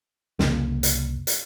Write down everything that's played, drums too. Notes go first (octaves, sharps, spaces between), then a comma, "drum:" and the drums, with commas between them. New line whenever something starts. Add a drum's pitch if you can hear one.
C2 F2 C#3 A#3, drum: snare
drum: hi-hat
drum: hi-hat